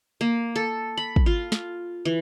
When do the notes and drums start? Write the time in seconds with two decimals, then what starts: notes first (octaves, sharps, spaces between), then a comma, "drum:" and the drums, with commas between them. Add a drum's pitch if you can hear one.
0.21 A#3
0.56 A4
0.97 B5
1.16 drum: kick
1.26 F4
1.52 drum: snare
2.05 E3